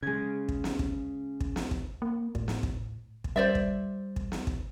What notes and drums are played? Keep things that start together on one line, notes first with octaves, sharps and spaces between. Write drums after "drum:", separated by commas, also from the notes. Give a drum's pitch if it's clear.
C#3 G#3 G#6
drum: kick
drum: snare
drum: kick
drum: kick
drum: snare
drum: kick
A#3
A2, drum: kick
drum: snare
drum: kick
drum: kick
G3 C5 D5 E5
drum: kick
drum: kick
drum: snare
drum: kick